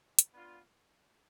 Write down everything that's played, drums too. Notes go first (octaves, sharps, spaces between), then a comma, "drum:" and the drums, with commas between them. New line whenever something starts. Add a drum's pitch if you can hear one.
drum: hi-hat
B3 D4 F4